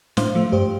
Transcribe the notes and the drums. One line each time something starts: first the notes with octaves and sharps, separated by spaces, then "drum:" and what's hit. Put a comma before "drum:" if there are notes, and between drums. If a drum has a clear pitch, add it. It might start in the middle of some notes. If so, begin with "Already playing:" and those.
A2 C5 F5, drum: snare
F3 A3
G2 G4 C5